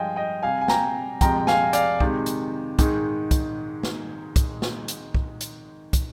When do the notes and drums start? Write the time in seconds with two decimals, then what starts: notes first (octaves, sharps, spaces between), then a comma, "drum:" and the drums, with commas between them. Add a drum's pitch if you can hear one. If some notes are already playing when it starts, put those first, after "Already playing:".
Already playing: G2 F3 G#3 D#5 F5 G5 G#5
0.16 D#5 G5
0.42 C3 G3 F5 G#5
0.61 G#5
0.68 G5 A#5, drum: snare
1.21 F2 C3 F3 G#3 G5 A#5, drum: kick, hi-hat
1.47 F5 G#5, drum: snare
1.73 D5 F5, drum: hi-hat
2.00 C3 D#3 G#3, drum: kick
2.26 drum: hi-hat
2.79 G#2 D#3 G#3, drum: kick, hi-hat
3.31 drum: kick, hi-hat
3.83 drum: snare
4.36 drum: kick, hi-hat
4.62 drum: snare
4.88 drum: hi-hat
5.14 drum: kick
5.41 drum: hi-hat
5.93 drum: kick, hi-hat